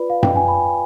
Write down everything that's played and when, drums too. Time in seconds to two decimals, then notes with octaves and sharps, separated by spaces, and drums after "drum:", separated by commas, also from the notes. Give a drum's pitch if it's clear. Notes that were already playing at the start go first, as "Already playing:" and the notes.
Already playing: F4 B4 D5 B5
0.10 F5
0.23 G5, drum: tom F#2
0.36 G#5
0.48 B5